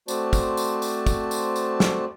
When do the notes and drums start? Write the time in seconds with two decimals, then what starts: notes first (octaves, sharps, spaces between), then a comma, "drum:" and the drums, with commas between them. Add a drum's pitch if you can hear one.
0.08 A3 C4 F#4 C5 D5 A5, drum: tambourine
0.33 drum: kick, tambourine
0.57 drum: tambourine
0.82 drum: tambourine
1.06 drum: kick, tambourine
1.31 drum: tambourine
1.56 drum: tambourine
1.80 drum: snare